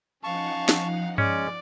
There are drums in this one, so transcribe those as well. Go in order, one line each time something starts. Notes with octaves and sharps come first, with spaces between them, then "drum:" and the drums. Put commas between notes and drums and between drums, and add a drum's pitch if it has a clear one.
F3 C#4 D#4 F5 F#5 A5 C#6
drum: snare
G#3 C#4 D5, drum: tom G2